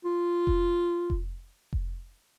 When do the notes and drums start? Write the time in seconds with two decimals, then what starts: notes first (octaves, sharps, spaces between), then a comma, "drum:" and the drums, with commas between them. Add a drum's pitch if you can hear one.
0.05 F4
0.47 drum: kick F1
1.10 drum: kick F1
1.73 drum: kick F1